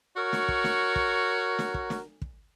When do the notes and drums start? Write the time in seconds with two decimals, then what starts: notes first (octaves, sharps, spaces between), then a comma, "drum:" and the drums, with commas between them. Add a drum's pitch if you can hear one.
0.17 F#4 A#4 C#5
0.33 drum: snare
0.48 drum: kick
0.64 drum: snare
0.96 drum: kick
1.59 drum: snare
1.74 drum: kick
1.90 drum: snare
2.22 drum: kick